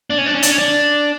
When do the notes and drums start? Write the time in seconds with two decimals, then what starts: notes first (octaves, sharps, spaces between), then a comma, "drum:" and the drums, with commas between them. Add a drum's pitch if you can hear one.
0.10 D4
0.18 C#4
0.26 D4
0.35 C#4
0.43 D4, drum: hi-hat
0.51 C#4
0.58 D4